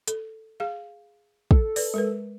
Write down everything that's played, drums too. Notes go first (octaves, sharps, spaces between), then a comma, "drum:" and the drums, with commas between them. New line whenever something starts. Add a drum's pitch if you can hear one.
A4, drum: hi-hat
G#4 F5
A4, drum: kick
B4 D5, drum: open hi-hat
G#3 A#4 B4